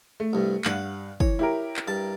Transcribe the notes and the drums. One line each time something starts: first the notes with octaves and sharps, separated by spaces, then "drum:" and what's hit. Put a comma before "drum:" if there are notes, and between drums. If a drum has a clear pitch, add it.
A3
C2 G2
G2 F5 F#5 F#7, drum: clap
E3 C#5, drum: kick
E4 G4 A#4
drum: clap
G2 A5